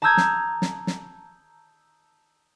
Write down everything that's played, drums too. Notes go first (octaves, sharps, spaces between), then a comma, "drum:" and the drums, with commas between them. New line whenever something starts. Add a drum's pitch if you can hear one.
A5 A#5 D#6 E6 G6 G#6
drum: snare
drum: snare
drum: snare